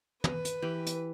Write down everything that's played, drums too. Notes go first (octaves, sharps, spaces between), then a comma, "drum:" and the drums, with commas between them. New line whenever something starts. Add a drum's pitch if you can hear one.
B4, drum: tom
drum: hi-hat
E3 G4
drum: hi-hat